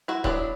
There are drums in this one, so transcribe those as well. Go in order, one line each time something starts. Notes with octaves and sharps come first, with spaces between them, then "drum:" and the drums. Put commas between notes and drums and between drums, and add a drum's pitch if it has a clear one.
E4 F#4
F#3 B3 D4 E4, drum: kick D#1